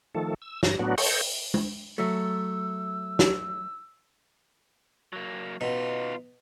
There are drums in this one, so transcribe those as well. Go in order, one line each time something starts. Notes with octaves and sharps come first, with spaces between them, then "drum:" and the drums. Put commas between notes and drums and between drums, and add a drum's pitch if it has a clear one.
D#3 F3 A3 A4
E6
G2 A#6, drum: snare
A2 F#3 B3 D4 F#4
A4 C5 C#5 D#5 G5 C#6, drum: open hi-hat
drum: tom
F#3 A3 E6
drum: snare
F#3 A#3
B2 D#4 F4